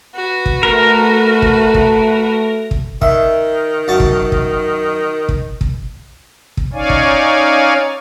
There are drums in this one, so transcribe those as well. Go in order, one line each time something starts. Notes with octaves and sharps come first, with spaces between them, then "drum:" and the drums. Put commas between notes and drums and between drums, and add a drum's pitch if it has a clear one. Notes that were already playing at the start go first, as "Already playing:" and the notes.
F#4 B4
drum: kick
A3 A#4
drum: kick
drum: kick
drum: kick
D#3 E5, drum: kick
F#2 A5 C#6
drum: kick
drum: kick
drum: kick
drum: kick
drum: kick
C#4 D#4 C#5 D5 F5 G#5
drum: kick